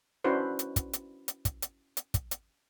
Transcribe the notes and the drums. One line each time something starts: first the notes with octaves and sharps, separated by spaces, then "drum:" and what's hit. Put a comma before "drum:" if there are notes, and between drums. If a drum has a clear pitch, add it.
C#4 D4 E4 F#4 B4 C5
drum: hi-hat
drum: kick, hi-hat
drum: hi-hat
drum: hi-hat
drum: kick, hi-hat
drum: hi-hat
drum: hi-hat
drum: kick, hi-hat
drum: hi-hat